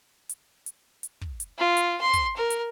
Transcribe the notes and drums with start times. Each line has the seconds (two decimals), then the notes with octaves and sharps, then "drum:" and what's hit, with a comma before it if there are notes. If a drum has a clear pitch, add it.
0.29 drum: hi-hat
0.66 drum: hi-hat
1.03 drum: hi-hat
1.21 drum: kick
1.40 drum: hi-hat
1.58 F4
1.77 drum: hi-hat
2.01 C6
2.13 drum: kick, hi-hat
2.36 A#4
2.50 drum: hi-hat